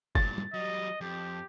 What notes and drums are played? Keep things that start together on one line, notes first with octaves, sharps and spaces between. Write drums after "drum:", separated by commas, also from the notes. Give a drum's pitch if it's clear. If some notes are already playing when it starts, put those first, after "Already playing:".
G2 A#2 A6, drum: kick F#1
drum: tom
F#3 G3 D#5
F2 G4